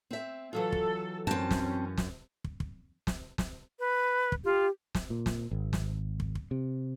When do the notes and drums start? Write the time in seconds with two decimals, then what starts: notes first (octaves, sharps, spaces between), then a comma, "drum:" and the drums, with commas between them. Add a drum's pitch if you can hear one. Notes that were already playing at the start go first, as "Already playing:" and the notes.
0.11 C4 E5
0.53 E3 F#3 F4 A4
0.72 drum: kick
1.27 F#2 C4 C#4 A5
1.51 drum: snare
1.98 drum: snare
2.44 drum: kick
2.60 drum: kick
3.07 drum: snare
3.38 drum: snare
3.79 B4
4.32 drum: kick
4.45 F4 G4
4.95 drum: snare
5.10 A#2
5.26 drum: snare
5.51 G#1
5.73 drum: snare
6.20 drum: kick
6.35 drum: kick
6.51 C3